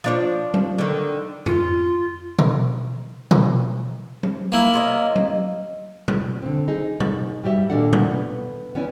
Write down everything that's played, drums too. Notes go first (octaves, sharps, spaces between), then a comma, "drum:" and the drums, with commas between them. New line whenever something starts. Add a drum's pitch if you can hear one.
F3 D4 C#5
drum: tom F#3
D3 D#3
F4, drum: tom F2
drum: tom B2
drum: tom B2
drum: tom F#3
A#3 E4
C3 C#4 D#5
drum: tom F#3
drum: tom B2
D3 C4
D#4 G#4
drum: tom B2
G3 F#4 G4 D5 E5
A#2 D#3 A#3 D4 A4 F#5
drum: tom B2
B3
B3 C#4 E4 D5 G#5